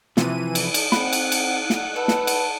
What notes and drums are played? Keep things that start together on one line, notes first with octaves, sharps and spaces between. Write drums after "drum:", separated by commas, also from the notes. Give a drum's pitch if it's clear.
C3 E3 F3 D#7, drum: snare
drum: cymbal
drum: cymbal
C4 F#5 B5, drum: snare
drum: cymbal
drum: cymbal
drum: snare
A4 B4
drum: snare
drum: cymbal